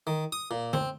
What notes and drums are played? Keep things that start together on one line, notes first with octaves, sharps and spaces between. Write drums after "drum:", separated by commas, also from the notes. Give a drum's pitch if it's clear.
D#3
D#6
A#2
C4, drum: tom D3